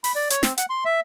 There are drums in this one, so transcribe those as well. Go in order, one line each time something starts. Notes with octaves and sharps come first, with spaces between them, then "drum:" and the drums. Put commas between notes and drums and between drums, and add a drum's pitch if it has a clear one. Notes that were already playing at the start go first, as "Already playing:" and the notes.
B5, drum: open hi-hat
D5
C#5, drum: hi-hat
C4, drum: snare
F#5, drum: hi-hat
C6
E5